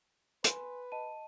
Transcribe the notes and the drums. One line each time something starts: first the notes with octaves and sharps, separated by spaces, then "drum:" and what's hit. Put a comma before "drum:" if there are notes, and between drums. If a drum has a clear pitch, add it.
B4 G#5 C6, drum: hi-hat
D#5 A5 D#7